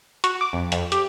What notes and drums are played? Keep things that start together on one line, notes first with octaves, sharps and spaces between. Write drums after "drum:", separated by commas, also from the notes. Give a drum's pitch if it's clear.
F#4, drum: hi-hat
D6
F2
F2, drum: hi-hat
G4, drum: hi-hat